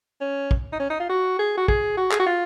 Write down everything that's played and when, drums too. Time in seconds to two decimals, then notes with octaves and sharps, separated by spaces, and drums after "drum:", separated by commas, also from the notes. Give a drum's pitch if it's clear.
0.21 C#4
0.51 drum: kick
0.73 D#4
0.80 C#4
0.90 D#4
1.00 F4
1.09 F#4
1.39 G#4
1.57 F#4
1.68 G#4, drum: kick
1.97 F#4
2.11 G#4, drum: clap
2.20 F#4
2.26 F4